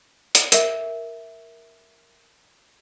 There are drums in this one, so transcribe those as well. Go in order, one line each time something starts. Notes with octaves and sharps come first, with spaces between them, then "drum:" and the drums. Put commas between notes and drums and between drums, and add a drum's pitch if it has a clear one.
drum: hi-hat
A#4 E5, drum: hi-hat